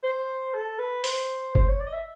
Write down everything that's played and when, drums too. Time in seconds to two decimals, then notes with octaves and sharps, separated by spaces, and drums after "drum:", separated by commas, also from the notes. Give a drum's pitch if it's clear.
0.03 C5
0.54 A4
0.79 B4
1.04 C5, drum: open hi-hat
1.55 C5, drum: kick F#1
1.68 C#5
1.80 D5
1.87 D#5
1.93 E5